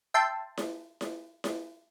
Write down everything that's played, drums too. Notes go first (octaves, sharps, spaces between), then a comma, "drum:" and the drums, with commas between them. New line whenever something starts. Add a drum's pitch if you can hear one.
E5 G5 A5 C6
drum: snare E4
drum: snare E4
drum: snare E4